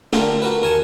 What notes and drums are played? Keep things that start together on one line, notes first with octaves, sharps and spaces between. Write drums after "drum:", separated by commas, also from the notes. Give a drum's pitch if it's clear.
D3 A3 F4 G4 A#4, drum: snare
F#4 A#4 B4
D#2 A#4 G#5 A5 C#6